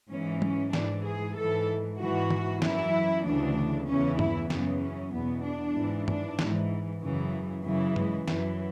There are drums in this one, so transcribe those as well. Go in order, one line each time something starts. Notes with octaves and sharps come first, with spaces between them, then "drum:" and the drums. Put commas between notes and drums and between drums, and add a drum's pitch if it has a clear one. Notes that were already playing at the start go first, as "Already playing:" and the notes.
G#2 E3 C#4
C#4, drum: tom F#3
G#2 E3 D4, drum: snare
G#4
G#2 E3 A4
G#2 E3 F#4
drum: tom
F#2 E3 E4, drum: snare
D2 C#3 E3 D4
E2 C#3 E3 C#4
E4, drum: tom G2
F#2 C#3 E3 B3, drum: snare
C#4
E2 B2 B3
D4
G#2 E3
D4, drum: tom G2
G#2 E3, drum: snare
F#2 C#3 E3
F#2 C#3 E3
G#3, drum: tom G2
F#2 E3 F#3, drum: snare